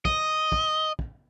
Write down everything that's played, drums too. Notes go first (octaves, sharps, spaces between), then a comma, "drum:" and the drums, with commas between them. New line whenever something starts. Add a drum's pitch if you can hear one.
D#5, drum: kick
drum: kick
drum: kick